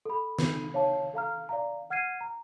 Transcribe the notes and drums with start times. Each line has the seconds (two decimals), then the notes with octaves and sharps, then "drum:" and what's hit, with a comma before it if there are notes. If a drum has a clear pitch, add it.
0.05 A4 B5
0.39 drum: snare
0.74 C#5 F5 A5
1.14 A4 F5 A#5 F6
1.49 D5 F5 A#5
1.90 F#5 F6 G#6 C7 D#7
2.21 A#5